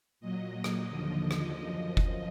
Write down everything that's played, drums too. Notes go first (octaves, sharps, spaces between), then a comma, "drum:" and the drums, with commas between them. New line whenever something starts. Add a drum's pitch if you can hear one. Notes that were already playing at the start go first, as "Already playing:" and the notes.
A#2 F#3 D#5
drum: rim click
D#2 D3 F3 D#5
drum: rim click
F#2 F3
drum: kick F#1